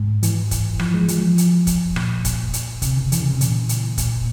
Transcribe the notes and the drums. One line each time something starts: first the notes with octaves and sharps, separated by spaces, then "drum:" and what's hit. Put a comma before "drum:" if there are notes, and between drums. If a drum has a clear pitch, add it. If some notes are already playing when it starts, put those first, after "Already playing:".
Already playing: G#2
E3, drum: hi-hat
drum: kick, hi-hat
F3, drum: rim click
G#3
F3, drum: hi-hat
drum: hi-hat
drum: kick, hi-hat
A#2, drum: rim click
drum: kick, hi-hat
drum: hi-hat
C3, drum: kick, hi-hat
C#3
E3, drum: hi-hat
C#3
C3
A#2, drum: hi-hat
drum: hi-hat
A#2, drum: kick, hi-hat